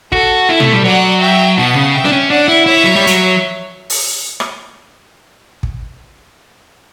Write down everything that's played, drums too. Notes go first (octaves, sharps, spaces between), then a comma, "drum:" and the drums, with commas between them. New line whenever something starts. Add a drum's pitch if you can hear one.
F#4 A4, drum: kick
E4
A3, drum: tom
G3
F#3 D5 F#5
E5 G5
B2 F#5 A5
C#3
E5 G5
D4, drum: snare
C#4
D4 D5 F#5
E4
E4 C#5 E5
F#3
G3
F#3, drum: hi-hat
drum: open hi-hat
drum: rim click
drum: kick